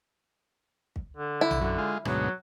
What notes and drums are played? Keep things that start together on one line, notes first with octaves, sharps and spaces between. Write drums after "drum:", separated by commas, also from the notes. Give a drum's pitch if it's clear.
drum: kick
D3
E4
drum: tom A#1
F#2 D3
G#3 F4
D2 G#2 B2 F#3, drum: rim click